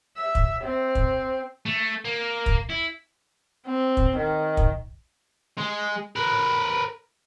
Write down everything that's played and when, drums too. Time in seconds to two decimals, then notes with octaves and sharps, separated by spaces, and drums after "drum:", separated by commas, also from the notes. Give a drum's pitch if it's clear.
0.17 E5
0.35 drum: kick
0.64 C4
0.95 drum: kick
1.66 A3
2.05 A#3
2.46 drum: kick
2.70 E4
3.67 C4
3.97 drum: kick
4.17 D#3
4.57 drum: kick
5.58 G#3
6.16 A#4 B4